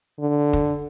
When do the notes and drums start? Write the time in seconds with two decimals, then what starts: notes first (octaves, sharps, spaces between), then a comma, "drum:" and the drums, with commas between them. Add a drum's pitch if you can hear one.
0.20 D3
0.53 drum: kick